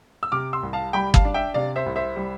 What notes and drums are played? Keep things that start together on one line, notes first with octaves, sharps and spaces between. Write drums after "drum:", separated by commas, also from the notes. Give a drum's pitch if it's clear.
E6
C3 D6 F6
C6 E6
C2
F5 A5
G3 G5 B5
F5 A5, drum: kick
D4
E5 G5
C3 D5 F5
C5 E5
C2
C5 E5
G3